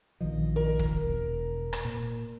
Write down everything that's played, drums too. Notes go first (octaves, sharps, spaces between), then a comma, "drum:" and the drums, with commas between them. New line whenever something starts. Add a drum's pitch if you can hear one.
A#1 D#3 F3 D#5
A#4
drum: kick
E1
drum: rim click
A#2